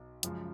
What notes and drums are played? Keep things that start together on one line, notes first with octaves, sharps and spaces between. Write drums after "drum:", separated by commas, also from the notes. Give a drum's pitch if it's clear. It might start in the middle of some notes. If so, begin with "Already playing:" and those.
Already playing: B1
F#2 C#3 F3 G#3 C#4, drum: hi-hat